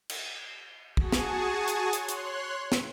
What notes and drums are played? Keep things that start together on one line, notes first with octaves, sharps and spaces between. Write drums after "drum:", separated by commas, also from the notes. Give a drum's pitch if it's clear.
drum: cymbal
F#4 G#4 G#5 A5 C#6 D#6, drum: kick
drum: snare
drum: hi-hat
C#5 C6 F#6, drum: hi-hat
drum: hi-hat
drum: snare